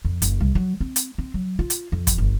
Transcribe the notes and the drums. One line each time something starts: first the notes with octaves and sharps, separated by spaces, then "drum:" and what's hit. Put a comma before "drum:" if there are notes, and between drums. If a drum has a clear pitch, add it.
F2
F#1, drum: hi-hat
C2
F#3
C4
drum: hi-hat
C4
F#3
F4
drum: hi-hat
F2
drum: kick, hi-hat
G1